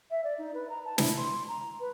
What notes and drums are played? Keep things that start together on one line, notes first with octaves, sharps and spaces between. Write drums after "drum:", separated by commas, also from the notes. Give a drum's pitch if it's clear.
E5
D5
D#4
B4
A#5
A5
E4, drum: snare
C6
A#5
B4